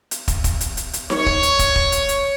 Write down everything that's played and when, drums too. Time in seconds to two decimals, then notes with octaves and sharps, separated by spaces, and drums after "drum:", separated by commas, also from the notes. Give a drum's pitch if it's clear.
0.11 drum: hi-hat
0.28 drum: kick, hi-hat
0.44 drum: kick, hi-hat
0.61 drum: hi-hat
0.77 drum: hi-hat
0.93 drum: hi-hat
1.10 C#5, drum: snare D#4
1.26 drum: kick
1.43 drum: hi-hat
1.59 drum: kick, hi-hat
1.76 drum: kick
1.92 drum: hi-hat
2.09 drum: hi-hat